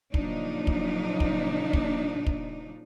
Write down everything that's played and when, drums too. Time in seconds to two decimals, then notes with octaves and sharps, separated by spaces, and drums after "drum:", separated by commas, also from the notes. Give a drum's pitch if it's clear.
0.14 A#2 C#3 F3 F#3 D4 D#4, drum: kick
0.67 drum: kick
1.20 drum: kick
1.73 drum: kick
2.27 drum: kick